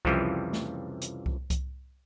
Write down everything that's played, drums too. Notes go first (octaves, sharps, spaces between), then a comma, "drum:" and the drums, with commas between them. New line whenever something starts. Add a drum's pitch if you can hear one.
C2 F2 C#3 E3 F3 G3, drum: kick C2
drum: snare
drum: hi-hat
drum: kick C2
drum: kick C2, hi-hat